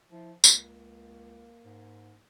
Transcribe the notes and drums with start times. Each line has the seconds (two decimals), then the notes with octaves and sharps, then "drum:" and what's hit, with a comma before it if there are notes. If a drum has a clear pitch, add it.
0.12 F3 E4
0.44 C#2 A#3, drum: tambourine
1.65 G#2